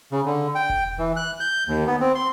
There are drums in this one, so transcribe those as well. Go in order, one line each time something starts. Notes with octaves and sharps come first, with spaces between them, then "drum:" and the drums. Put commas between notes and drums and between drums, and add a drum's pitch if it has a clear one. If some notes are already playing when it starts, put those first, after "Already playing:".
C#3
D3
G5
drum: kick E1
E3
F#6
G6
D#2
B3
C4
C6